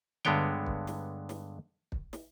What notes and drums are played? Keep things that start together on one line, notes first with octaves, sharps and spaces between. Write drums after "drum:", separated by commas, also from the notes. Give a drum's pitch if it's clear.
G2 D3 G#3 B3 C#5 G5, drum: tom D3
drum: kick
drum: snare
drum: snare
drum: kick
drum: snare